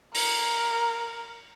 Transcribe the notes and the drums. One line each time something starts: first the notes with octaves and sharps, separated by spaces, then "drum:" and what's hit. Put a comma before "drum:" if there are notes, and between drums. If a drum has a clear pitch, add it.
A#4, drum: open hi-hat